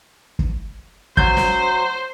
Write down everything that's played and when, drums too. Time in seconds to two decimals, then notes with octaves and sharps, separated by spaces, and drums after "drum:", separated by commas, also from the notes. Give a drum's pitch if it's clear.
0.39 drum: kick
1.17 F#3 C5 G6, drum: kick
1.37 drum: snare